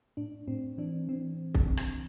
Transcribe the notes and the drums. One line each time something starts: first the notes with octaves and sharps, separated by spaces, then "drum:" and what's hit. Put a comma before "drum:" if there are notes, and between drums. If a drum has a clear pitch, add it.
A2 D4
A2 C4
E3 D4
E3 C4
drum: kick
drum: rim click